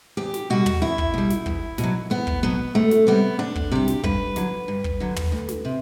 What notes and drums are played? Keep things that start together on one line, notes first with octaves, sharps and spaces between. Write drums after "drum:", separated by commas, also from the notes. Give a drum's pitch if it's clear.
E2 G4
drum: snare
B2 G3 F#4
drum: tom
E2 E4
drum: kick
B2 G3
drum: snare
E2, drum: kick
B2, drum: snare
F#3
E2 B3
drum: kick
B2 F#3 B3
D2 A3
drum: snare
C3 G3 B3
D2 D4
drum: kick
C3 G3 G4
drum: snare
G2 B4, drum: kick
D3 F#3, drum: snare
G2
drum: kick
D3 F#3
drum: tom
D2
drum: snare
C3